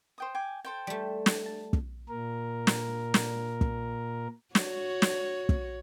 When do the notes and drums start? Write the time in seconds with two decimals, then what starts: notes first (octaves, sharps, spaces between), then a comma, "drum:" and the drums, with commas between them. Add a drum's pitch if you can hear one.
0.18 C5 G5 D#6
0.35 G5 G#5 D6
0.64 A4 C5 G5
0.87 G3 A3
1.26 drum: snare
1.46 A5
1.73 drum: kick
2.09 A#2 A#4
2.67 drum: snare
3.14 drum: snare
3.61 drum: kick
4.55 F#4 C#5, drum: snare
5.02 drum: snare
5.49 drum: kick